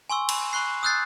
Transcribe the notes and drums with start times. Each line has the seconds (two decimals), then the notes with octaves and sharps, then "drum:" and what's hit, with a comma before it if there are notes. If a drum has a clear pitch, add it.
0.10 G#5 C6 C#6 E6
0.29 B5, drum: cymbal
0.53 B5 C#6 F#6 C7
0.83 D#6 E6 F#6 G6 A6 C7